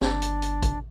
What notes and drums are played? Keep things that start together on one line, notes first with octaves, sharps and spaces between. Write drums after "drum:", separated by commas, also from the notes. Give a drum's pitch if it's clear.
G1 D4, drum: snare
drum: hi-hat
drum: hi-hat
drum: kick A1, hi-hat